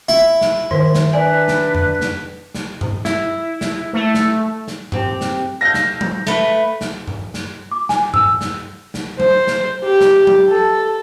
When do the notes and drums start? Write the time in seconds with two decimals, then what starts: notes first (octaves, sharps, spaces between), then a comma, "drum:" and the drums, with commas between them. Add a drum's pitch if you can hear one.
0.09 E4
0.41 drum: snare
0.71 D#3 A#4 C5, drum: tom G2
0.95 drum: snare
1.13 D4 B4 D5 G#5
1.48 drum: snare
1.75 drum: tom F2
2.01 drum: snare
2.55 drum: snare
2.81 drum: tom G2
3.05 E4, drum: snare
3.61 drum: snare
3.93 A3
4.14 drum: snare
4.68 drum: snare
4.92 C4 G4, drum: tom G2
5.21 drum: snare
5.61 A4 F5 G6 A#6
5.74 drum: snare
6.01 drum: tom F#3
6.27 A3 B4, drum: snare
6.81 drum: snare
7.08 drum: tom G2
7.34 drum: snare
7.71 D6
7.89 G#5, drum: snare
8.14 E6, drum: tom G2
8.41 drum: snare
8.94 drum: snare
9.20 C5, drum: tom F#3
9.47 drum: snare
9.84 G4
10.01 drum: snare
10.27 drum: tom F#3
10.50 A4